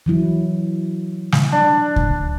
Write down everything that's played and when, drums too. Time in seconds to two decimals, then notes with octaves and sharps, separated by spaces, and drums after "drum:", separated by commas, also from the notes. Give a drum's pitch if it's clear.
0.06 E3 F#3 E4
1.32 drum: snare
1.52 D4
1.96 drum: kick C#2